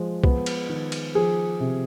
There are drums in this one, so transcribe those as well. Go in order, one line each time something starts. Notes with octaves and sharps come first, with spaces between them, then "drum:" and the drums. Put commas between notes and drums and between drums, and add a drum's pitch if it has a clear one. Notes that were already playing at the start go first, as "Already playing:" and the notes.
Already playing: F3 G#3
B3, drum: kick C2
drum: cymbal
D#3
drum: cymbal
F3 G#4
C3